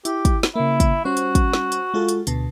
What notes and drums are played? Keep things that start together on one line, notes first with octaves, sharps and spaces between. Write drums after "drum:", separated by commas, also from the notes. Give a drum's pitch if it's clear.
E4 G4, drum: hi-hat
drum: kick, hi-hat
drum: snare
C#3 A#3 E4
drum: kick, hi-hat
G3 C#4 F#4 C5
drum: hi-hat
drum: kick, hi-hat
drum: snare
drum: hi-hat
G#3 F4 A4
drum: hi-hat
D2 B2 A5, drum: hi-hat